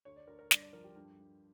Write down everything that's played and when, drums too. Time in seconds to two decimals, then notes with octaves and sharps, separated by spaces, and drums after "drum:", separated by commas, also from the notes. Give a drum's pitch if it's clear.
0.05 D2 C#5
0.16 D5
0.27 D2 A#4
0.39 A#4
0.51 G2 D5, drum: snare
0.62 D5
0.73 F3 A#4
0.84 G4
0.96 G2
1.19 G2